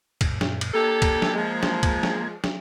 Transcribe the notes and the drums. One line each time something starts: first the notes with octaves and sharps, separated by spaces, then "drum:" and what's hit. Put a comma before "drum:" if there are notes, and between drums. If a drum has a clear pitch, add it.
F#2 A#2, drum: kick, cymbal
drum: snare
drum: cymbal
A#3 D4 G4 A4 A#5 G#6
drum: kick, cymbal
drum: snare
F3 G#3
drum: snare
drum: kick, cymbal
drum: snare
drum: snare